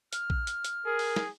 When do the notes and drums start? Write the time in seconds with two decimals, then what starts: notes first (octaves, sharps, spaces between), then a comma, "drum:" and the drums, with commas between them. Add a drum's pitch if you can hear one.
0.13 F6, drum: hi-hat
0.30 drum: kick A#1
0.47 drum: hi-hat
0.64 drum: hi-hat
0.86 G#4 A#4
0.99 drum: open hi-hat
1.16 drum: snare